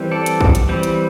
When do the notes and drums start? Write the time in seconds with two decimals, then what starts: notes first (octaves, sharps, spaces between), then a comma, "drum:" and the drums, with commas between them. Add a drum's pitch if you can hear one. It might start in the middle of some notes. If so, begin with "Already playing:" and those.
Already playing: E3 G3 C4
0.11 A4 D5
0.26 drum: hi-hat
0.41 drum: kick
0.55 drum: hi-hat
0.69 E3 G3 C4
0.83 drum: hi-hat